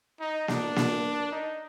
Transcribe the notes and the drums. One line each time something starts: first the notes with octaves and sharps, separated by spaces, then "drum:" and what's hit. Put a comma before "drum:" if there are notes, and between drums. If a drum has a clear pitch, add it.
D#4
D4, drum: snare A#3
drum: snare A#3
D#4